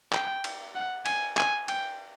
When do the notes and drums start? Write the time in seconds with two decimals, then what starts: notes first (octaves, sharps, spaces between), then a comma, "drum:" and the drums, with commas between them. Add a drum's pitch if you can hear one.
0.13 G5, drum: clap
0.44 drum: cymbal
0.75 F#5
1.06 G#5, drum: cymbal
1.37 G#5, drum: clap
1.68 G5, drum: cymbal